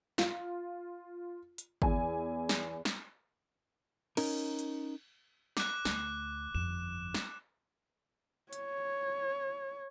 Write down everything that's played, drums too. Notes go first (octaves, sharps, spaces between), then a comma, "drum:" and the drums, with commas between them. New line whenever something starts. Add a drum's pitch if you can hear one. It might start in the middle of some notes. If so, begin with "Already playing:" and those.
F4, drum: snare
drum: hi-hat
E2 G#5, drum: kick G1
drum: snare
drum: snare
C#4 D#4 A#4, drum: cymbal
drum: hi-hat
D6 F#6, drum: snare
D2, drum: snare
G1 F2 E7
drum: snare
C#5, drum: hi-hat